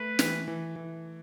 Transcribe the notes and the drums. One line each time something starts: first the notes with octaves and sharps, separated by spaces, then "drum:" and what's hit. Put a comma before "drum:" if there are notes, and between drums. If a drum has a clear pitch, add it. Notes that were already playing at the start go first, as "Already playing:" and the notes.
Already playing: A3 B4
E3, drum: snare
E3
E3